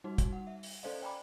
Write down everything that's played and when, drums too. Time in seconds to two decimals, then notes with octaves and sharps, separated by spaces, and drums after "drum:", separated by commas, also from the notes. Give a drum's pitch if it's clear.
0.04 G3 D#4 F#4
0.18 G3, drum: kick, hi-hat
0.33 F#5
0.47 E5
0.63 drum: open hi-hat
0.83 C#4 A4 C5 D5 D#5 F5
1.02 D5 G5 G#5 A#5 B5 D6